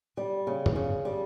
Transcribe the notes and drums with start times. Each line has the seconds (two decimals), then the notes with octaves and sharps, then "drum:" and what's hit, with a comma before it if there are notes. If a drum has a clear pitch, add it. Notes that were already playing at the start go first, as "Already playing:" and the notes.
0.17 G3
0.47 C#3
0.66 drum: tom
0.76 C#3
1.05 G3